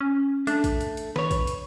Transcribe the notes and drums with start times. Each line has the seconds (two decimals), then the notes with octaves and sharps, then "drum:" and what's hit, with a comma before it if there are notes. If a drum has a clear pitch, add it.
0.01 C#4
0.47 A3 D4, drum: hi-hat
0.64 drum: kick, hi-hat
0.81 drum: hi-hat
0.97 drum: hi-hat
1.16 B4 C#5, drum: snare D#3
1.31 drum: kick, hi-hat
1.47 drum: hi-hat